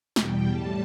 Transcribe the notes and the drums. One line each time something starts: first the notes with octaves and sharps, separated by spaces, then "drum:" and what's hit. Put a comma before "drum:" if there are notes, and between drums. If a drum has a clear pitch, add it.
E2 B2 G3 G5, drum: snare
A2 G3 A5